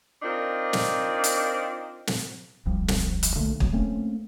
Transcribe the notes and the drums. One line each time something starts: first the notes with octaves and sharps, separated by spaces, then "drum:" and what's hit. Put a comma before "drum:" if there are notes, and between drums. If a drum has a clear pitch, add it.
C4 D4 D#4 F4 A#4
drum: snare
drum: hi-hat
drum: snare
D#1 C2 F3 G3
drum: snare
drum: hi-hat
B1 D3 A3 A#3
D2 B2 F#3 B3, drum: kick
A3 A#3 C4 C#4